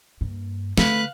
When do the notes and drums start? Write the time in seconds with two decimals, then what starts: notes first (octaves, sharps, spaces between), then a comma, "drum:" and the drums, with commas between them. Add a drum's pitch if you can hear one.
0.21 G2 A#3
0.78 D3 A3 B4 F5 F#6, drum: snare